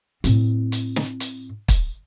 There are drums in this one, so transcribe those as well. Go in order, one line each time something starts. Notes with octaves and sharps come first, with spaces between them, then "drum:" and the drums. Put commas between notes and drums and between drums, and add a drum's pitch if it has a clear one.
A2 C4, drum: hi-hat
drum: hi-hat
drum: snare
drum: hi-hat
drum: kick, hi-hat